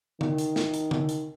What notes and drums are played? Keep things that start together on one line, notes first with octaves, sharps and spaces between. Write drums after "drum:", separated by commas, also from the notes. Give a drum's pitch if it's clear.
D#3, drum: tom D3
drum: hi-hat
drum: snare
drum: hi-hat
drum: tom D3
drum: hi-hat